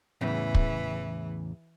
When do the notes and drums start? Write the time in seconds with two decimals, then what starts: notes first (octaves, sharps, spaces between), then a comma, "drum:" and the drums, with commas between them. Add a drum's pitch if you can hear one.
0.21 E2 A2 C#3 E3
0.55 drum: kick